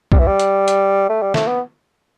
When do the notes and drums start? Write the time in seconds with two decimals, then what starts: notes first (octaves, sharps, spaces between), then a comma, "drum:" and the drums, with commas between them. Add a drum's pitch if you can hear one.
0.12 G3, drum: kick B1
0.18 E3
0.27 G3
0.40 drum: hi-hat
0.68 drum: hi-hat
1.09 A3
1.22 G3
1.34 A3, drum: snare
1.47 B3